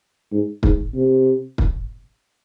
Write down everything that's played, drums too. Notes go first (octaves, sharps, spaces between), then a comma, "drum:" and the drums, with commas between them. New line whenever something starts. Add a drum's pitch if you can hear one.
G#2
G#2, drum: kick
C3
drum: kick